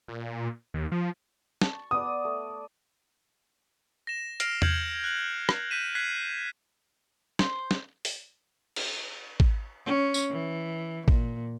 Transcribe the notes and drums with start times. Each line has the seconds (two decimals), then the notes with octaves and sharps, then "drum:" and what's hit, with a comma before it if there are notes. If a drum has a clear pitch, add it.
0.08 A#2
0.74 D#2
0.92 F3
1.61 A5 C#6, drum: snare
1.91 B3 D5 D#6
2.25 A3
4.07 A#6 E7
4.40 F6 A#6 C7 D7 F7, drum: hi-hat
4.62 F6 G6 G#6 C#7 F#7, drum: tom E2
5.04 F#6 F#7
5.49 drum: rim click
5.70 F#6 G6 B6 D#7 E7
5.95 F#6 G#6 B6 C7
7.39 C5, drum: snare
7.71 drum: snare
8.05 drum: open hi-hat
8.76 drum: cymbal
9.40 drum: kick
9.86 C#4
10.14 drum: tambourine
10.31 E3
11.08 A#2, drum: kick